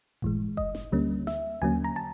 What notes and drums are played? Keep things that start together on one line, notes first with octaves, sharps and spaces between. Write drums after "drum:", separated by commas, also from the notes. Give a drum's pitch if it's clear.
A2 E3 G#3, drum: kick F#1
D#5, drum: kick F#1
drum: snare
D2 D3 G3 A#3 C#4
E5, drum: snare
D#2 D3 F#3 A#3 C#4 G#5
A#5
A5